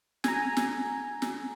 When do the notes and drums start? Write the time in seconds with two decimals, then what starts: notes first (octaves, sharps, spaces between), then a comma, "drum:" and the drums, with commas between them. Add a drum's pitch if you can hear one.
0.24 G#5 A#5, drum: snare
0.57 drum: snare
1.22 drum: snare